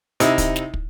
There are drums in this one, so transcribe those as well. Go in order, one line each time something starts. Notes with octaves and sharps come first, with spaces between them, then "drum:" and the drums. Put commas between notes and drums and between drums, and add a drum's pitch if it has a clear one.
C3 D#4 E4, drum: hi-hat
drum: kick, hi-hat
drum: snare
drum: kick